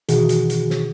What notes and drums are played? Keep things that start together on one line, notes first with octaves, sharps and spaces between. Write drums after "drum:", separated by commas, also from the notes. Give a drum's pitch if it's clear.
B2 D#3 E3 F#4 G#4, drum: hi-hat
drum: hi-hat
drum: hi-hat
drum: snare